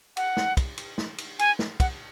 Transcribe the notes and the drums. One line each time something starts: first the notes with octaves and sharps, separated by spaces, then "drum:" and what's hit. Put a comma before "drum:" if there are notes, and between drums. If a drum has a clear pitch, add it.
F#5, drum: cymbal
drum: snare
drum: kick, cymbal
drum: cymbal
drum: snare
drum: cymbal
G#5, drum: cymbal
drum: snare
F#5, drum: kick, cymbal